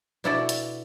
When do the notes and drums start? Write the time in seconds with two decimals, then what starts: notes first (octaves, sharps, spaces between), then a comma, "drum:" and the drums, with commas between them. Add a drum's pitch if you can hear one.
0.24 B2 D4 E4 F#4 A4 D5
0.49 drum: hi-hat